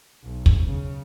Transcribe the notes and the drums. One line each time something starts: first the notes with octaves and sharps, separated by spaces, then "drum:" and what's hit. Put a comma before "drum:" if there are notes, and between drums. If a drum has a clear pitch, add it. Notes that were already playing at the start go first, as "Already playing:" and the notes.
B1
drum: kick
C#3